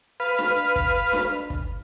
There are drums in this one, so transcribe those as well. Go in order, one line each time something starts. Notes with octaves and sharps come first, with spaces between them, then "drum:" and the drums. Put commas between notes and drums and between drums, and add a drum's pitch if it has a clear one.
B4 F5
drum: snare D4
drum: kick
drum: snare D4
drum: kick